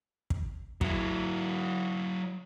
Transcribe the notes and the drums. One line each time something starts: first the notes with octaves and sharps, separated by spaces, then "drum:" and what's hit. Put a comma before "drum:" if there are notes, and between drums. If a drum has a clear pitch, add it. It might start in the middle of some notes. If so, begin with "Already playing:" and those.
drum: kick
F#3 E4, drum: kick